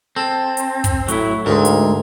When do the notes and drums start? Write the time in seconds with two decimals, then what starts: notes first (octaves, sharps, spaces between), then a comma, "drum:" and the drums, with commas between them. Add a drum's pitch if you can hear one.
0.16 C4 A4
0.57 drum: hi-hat
0.84 drum: kick, hi-hat
1.08 A2 F#3 E4, drum: hi-hat
1.46 D2 G#2 C4 G#4 A#4
1.65 drum: hi-hat